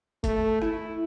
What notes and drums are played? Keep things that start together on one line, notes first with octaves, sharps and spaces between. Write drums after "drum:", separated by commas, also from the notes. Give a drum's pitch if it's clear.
A3, drum: kick, hi-hat
E4, drum: rim click